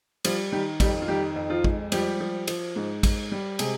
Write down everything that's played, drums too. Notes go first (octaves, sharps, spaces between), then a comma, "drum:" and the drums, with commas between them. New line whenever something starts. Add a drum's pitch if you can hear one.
F3 G3 F4, drum: cymbal
D#3 G3 G4
F2 G3 G4, drum: kick, cymbal
F4
D#3 G3 G4
F2
F3 F4
G#3, drum: kick
F3 G3 G4, drum: cymbal
F3
F3, drum: cymbal
G#2
G#2, drum: kick, cymbal
G3
C3 G#3 G#4, drum: cymbal